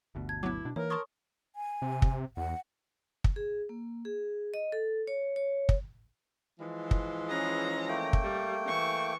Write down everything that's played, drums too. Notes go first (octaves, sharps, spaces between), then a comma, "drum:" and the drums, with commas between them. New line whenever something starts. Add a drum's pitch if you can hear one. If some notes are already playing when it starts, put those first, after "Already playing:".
G1 D2 B2
A5 G#6
F#3 B3 E4 D6
B2 D4
E3 A#3 D#4 A#4 C#5
A5 C6 C#6 D#6 G#6
G#5
C3
drum: kick
E2 F#5
drum: kick
G#4
A#3
G#4
D#5
A4
C#5
C#5
drum: kick
E3 F3 G#3
drum: kick
C#4 G#4 B4 A#5
A3 A#3 G5
drum: kick
G3
E3 C#6